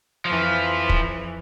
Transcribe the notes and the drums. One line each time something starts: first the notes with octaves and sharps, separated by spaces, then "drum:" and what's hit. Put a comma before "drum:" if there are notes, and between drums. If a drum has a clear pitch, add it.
F2 E3 F3
drum: kick